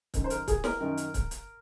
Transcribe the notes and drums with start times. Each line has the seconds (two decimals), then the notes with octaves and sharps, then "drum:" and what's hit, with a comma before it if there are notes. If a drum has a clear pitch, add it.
0.14 F#2 D#3, drum: kick C#1, hi-hat
0.24 C5
0.30 A#4, drum: hi-hat
0.48 G#4, drum: kick C#1, hi-hat
0.64 A#4, drum: snare
0.80 F#2 D#3
0.97 drum: hi-hat
1.14 drum: kick C#1, hi-hat
1.31 drum: hi-hat